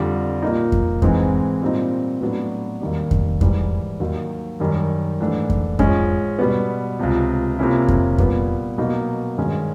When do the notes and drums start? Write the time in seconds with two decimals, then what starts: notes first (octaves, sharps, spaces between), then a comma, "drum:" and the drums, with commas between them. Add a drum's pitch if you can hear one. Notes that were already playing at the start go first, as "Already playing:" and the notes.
Already playing: F2 D3 G3
0.43 A#2 F3 A#3 D#4
0.72 drum: kick F2
1.02 G#2 E3 G#3 C4, drum: kick F2
1.61 A#2 G3 C4 D#4
2.21 A2 F#3 B3 D4
2.81 D#2 D#3 G3
3.11 drum: kick F2
3.41 G#2 E3 G3, drum: kick F2
4.00 D#2 D#3 F#3
4.60 F#2 D#3 G3
5.20 G#2 E3 A3 D4
5.50 drum: kick F2
5.79 G#2 F3 G#3 C#4, drum: kick F2
6.39 B2 G3 B3
6.99 C#2 C3 F3
7.59 C3 F3 A#3 C#4 E4
7.88 drum: kick F2
8.18 A#2 G3 B3, drum: kick F2
8.78 B2 F#3 A#3 D#4
9.38 G2 D#3 G#3 C#4